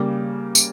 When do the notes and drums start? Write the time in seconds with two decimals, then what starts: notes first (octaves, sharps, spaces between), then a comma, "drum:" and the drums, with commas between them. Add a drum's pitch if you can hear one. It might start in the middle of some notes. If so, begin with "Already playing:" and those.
Already playing: C#3 G3 A#3
0.55 drum: tambourine